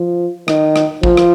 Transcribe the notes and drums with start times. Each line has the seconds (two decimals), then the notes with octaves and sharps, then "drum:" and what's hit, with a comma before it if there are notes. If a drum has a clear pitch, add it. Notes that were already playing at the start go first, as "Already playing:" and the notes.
Already playing: F3
0.48 D#3, drum: rim click
0.76 drum: rim click
1.03 F3, drum: kick
1.17 drum: rim click